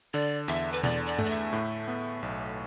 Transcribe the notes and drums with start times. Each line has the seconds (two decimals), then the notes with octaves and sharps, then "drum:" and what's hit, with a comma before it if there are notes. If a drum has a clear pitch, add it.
0.14 D3 D5
0.48 E2 E5
0.72 B4
0.83 E2 D5, drum: tom B2
1.06 D5
1.19 A3, drum: tom G2
1.25 D5
1.30 E5
1.53 A2
1.88 B3
2.23 B1